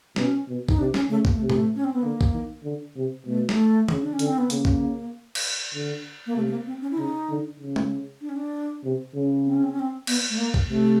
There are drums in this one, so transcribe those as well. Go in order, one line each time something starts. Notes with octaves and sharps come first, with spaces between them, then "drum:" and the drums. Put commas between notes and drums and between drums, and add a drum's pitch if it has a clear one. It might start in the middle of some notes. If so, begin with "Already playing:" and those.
B2 C#4, drum: snare
B2
D#4, drum: kick
C3 D4
C#4, drum: snare
C#3 A3
A#3, drum: kick
A3
C3
A3, drum: tom A2
C#4
C4
B3
D3 A#3
drum: kick
D#3
D3
C3
B2 A3
A3, drum: snare
C#3, drum: tom D#3
D4
C#4
D3, drum: hi-hat
C4
B3
C#3 A#3, drum: hi-hat
drum: kick
drum: cymbal
D3
A#3
C3 A3
A3
A#3
C4
C#4
E4
C#3 D#4
D3
C#3
drum: tom G#3
D4
C#4
D4
C3
C#3
C4
C#4
C4
C#4
C4
B3, drum: cymbal
A3
A#3
drum: kick
C3 A3